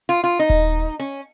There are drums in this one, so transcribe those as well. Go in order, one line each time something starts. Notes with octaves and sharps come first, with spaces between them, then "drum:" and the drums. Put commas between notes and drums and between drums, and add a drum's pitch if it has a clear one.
F4
F4
D#4
drum: kick D#1
C#4